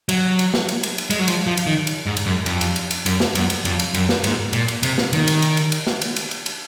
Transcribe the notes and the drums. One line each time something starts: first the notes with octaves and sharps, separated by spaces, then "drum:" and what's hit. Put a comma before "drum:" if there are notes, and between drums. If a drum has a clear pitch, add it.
F#3, drum: cymbal
drum: cymbal
drum: snare
drum: cymbal
drum: cymbal
drum: cymbal
G#3, drum: cymbal
F#3
F3, drum: cymbal
F3
drum: cymbal
D#3
drum: cymbal
G#2
drum: cymbal
F#2
F2, drum: cymbal
drum: cymbal
drum: cymbal
drum: cymbal
F#2, drum: cymbal
drum: snare
F#2, drum: cymbal
drum: cymbal
F2, drum: cymbal
drum: cymbal
F#2, drum: cymbal
drum: snare
G#2, drum: cymbal
A#2, drum: cymbal
drum: cymbal
C3, drum: cymbal
drum: snare
D#3, drum: cymbal
drum: cymbal
drum: cymbal
drum: cymbal
drum: cymbal
drum: snare
drum: cymbal
drum: cymbal
drum: cymbal
drum: cymbal